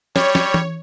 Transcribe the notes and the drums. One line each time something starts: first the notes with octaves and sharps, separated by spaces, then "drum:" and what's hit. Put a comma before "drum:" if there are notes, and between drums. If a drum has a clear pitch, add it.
G3 C#5, drum: snare
drum: snare
drum: tom E3